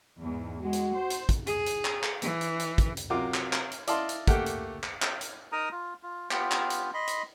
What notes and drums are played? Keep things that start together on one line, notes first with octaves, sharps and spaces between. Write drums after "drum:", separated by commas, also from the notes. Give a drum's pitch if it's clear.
E2 G#2
G#3 F#4
drum: hi-hat
C5
drum: hi-hat
drum: kick, hi-hat
G#4, drum: hi-hat
drum: hi-hat
drum: clap
drum: clap
E3, drum: hi-hat
drum: hi-hat
drum: hi-hat
drum: kick, hi-hat
drum: hi-hat
C3 F#3 F4 F#4 A#4 D6
drum: clap
drum: clap
drum: hi-hat
E4 D5 D#5 F5 A5 C6, drum: hi-hat
drum: hi-hat
A3 A#3 G4 F#5 G5, drum: kick, hi-hat
drum: hi-hat
drum: clap
drum: clap
drum: hi-hat
D#4 A#4 A#5 D#6
F4
F4
B3 F4 G4, drum: clap
drum: clap
drum: hi-hat
D#5 B5 C6
drum: hi-hat